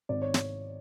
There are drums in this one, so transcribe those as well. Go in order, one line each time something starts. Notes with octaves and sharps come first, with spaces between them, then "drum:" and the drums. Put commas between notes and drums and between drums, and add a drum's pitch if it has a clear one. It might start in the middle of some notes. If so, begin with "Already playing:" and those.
G#1 D5
C#5
drum: snare